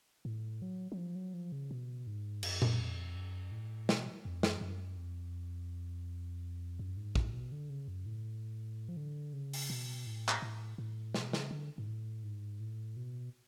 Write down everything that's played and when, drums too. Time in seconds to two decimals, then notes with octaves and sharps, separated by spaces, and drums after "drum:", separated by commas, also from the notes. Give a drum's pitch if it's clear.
0.25 A2
0.62 F#3
0.92 F#3
0.97 F3
1.15 F#3
1.34 F3
1.52 C#3
1.71 B2
2.07 G#2
2.43 F#2, drum: cymbal
2.62 drum: tom A#2
2.80 F2
3.16 F#2
3.52 A2
3.89 B2, drum: snare
4.25 F2
4.43 F#2, drum: snare
4.61 F#2
4.97 F2
6.79 F#2
6.97 G#2
7.15 A2, drum: kick
7.33 B2
7.52 D3
7.70 C#3
7.88 F#2
8.06 A2
8.89 F3
8.97 D3
9.33 C#3
9.54 drum: open hi-hat
9.70 B2
10.07 A2
10.29 drum: clap
10.42 A2
10.78 A2
11.14 B2, drum: snare
11.33 C#3, drum: snare
11.51 D3
11.78 G#2
11.88 A2
12.24 G#2
12.60 A2
12.97 B2